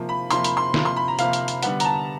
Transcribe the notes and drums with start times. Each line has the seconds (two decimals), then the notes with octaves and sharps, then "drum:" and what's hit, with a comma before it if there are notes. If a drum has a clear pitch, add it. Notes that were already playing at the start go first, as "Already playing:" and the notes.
Already playing: C3 F3 A#3
0.09 B5
0.31 C3 F3 A#3 C6, drum: hi-hat
0.44 B5, drum: hi-hat
0.57 C6
0.74 C3 F3 A#3, drum: snare
0.85 C6
0.96 B5
1.08 A#5
1.19 C3 F3 A#3 F5, drum: hi-hat
1.33 drum: hi-hat
1.48 drum: hi-hat
1.63 D3 G3 B3 F#5, drum: hi-hat
1.80 A#5, drum: hi-hat
1.85 A5